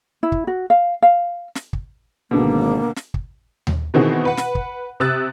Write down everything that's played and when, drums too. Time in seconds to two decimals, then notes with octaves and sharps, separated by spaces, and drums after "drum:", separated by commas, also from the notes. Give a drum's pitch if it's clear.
0.23 E4
0.32 drum: kick
0.47 F#4
0.70 F5
1.02 F5
1.55 drum: snare
1.73 drum: kick
2.31 G#1 B2 D3 A#3
2.96 drum: snare
3.14 drum: kick
3.67 drum: tom D#2
3.94 B2 D#3 E3 C4 F#4 G#4
4.25 B4 F#5
4.37 drum: snare
4.55 drum: kick
5.00 C3 D#6 E6 F#6 A6